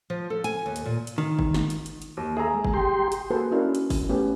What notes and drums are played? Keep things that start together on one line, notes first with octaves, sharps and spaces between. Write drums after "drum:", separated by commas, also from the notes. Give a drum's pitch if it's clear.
F3
A4
G#5, drum: hi-hat
D#2
drum: hi-hat
A#2
drum: hi-hat
D#3
drum: kick G1
drum: snare
drum: hi-hat
drum: hi-hat
drum: hi-hat
D#2
G#4 A4 E5 A#5
G#3
drum: kick G1
G4 G5 C6
drum: hi-hat
A#3 F#4 G#4 A4 B4 C5
C#4 D4 E4 F#4 A#4
drum: hi-hat
drum: kick G1, open hi-hat
A3 B3 C#4 G4